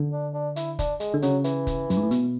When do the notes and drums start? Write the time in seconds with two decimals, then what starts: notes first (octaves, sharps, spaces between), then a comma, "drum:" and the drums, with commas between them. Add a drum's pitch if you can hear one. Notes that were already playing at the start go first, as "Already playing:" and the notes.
Already playing: D3
0.13 D4
0.34 D4
0.56 E4, drum: hi-hat
0.79 D4, drum: kick, hi-hat
1.00 G#3, drum: hi-hat
1.14 D3
1.22 C#3 F#3, drum: hi-hat
1.44 E3, drum: hi-hat
1.67 drum: kick, hi-hat
1.90 F#2, drum: hi-hat
1.97 G#2
2.03 A2
2.11 B2, drum: hi-hat